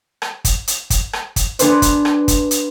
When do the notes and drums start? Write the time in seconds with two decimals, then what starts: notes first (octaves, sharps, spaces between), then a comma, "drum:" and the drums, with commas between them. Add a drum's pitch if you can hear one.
0.22 drum: rim click
0.45 drum: kick, hi-hat
0.68 drum: hi-hat
0.90 drum: kick, hi-hat
1.13 drum: rim click
1.36 drum: kick, hi-hat
1.59 B3 D4 G#4 B4 C5, drum: hi-hat
1.82 drum: kick, hi-hat
2.05 drum: rim click
2.28 drum: kick, hi-hat
2.51 drum: hi-hat